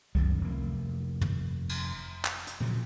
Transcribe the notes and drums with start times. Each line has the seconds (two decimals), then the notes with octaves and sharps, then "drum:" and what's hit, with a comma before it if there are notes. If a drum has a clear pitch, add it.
0.15 F#2 D#3 G3, drum: kick C#2
0.41 F1 A#3
1.21 drum: tom
1.69 drum: cymbal
2.25 drum: clap
2.47 drum: hi-hat
2.60 A#2 C#3 F3 F#3